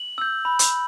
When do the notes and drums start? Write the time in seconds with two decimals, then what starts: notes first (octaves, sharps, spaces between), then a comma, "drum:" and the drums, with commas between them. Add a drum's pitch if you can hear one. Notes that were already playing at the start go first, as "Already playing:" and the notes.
Already playing: F#7
0.18 E6 G6
0.45 B5
0.59 drum: hi-hat